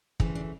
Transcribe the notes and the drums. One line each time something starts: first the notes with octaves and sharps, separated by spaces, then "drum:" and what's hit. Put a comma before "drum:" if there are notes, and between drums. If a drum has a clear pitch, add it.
D2 C#3 E3 A3 C4, drum: kick
D4